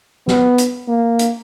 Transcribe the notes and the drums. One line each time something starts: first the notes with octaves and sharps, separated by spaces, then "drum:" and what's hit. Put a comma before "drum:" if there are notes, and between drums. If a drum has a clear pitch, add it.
B3, drum: snare
drum: hi-hat
A#3
drum: hi-hat